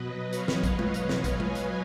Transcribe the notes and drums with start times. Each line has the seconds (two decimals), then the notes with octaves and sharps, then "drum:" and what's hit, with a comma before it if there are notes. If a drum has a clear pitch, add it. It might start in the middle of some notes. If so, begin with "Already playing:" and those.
Already playing: B2 F#3 B4 D#5
0.33 C#5 F5, drum: hi-hat
0.48 drum: snare
0.63 drum: kick A#1, hi-hat
0.79 B4 D#5, drum: tom G#3
0.94 drum: hi-hat
1.09 drum: snare
1.24 F5 G#5, drum: kick A#1, hi-hat
1.40 drum: tom G#3
1.55 drum: hi-hat